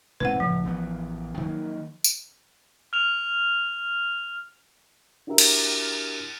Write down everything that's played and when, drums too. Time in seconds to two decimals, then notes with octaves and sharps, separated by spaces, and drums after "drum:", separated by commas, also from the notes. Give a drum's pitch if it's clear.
0.20 E1 G#2 C4 B4 F#5
0.40 C#2 A2 F3
0.63 A1 E3 B3
1.37 D#3 F#3 A#3
2.04 drum: tambourine
2.93 F6 F7
5.27 D4 E4 F#4 G4 A#4 E5
5.38 drum: cymbal